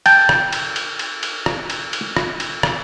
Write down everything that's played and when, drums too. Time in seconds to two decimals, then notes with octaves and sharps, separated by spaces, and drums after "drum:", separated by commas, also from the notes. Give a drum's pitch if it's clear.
0.06 G5 A5, drum: cymbal
0.29 drum: rim click
0.53 drum: cymbal
0.76 drum: cymbal
0.99 drum: cymbal
1.23 drum: cymbal
1.46 drum: rim click
1.70 drum: cymbal
1.93 drum: cymbal
2.16 drum: rim click
2.40 drum: cymbal
2.63 drum: rim click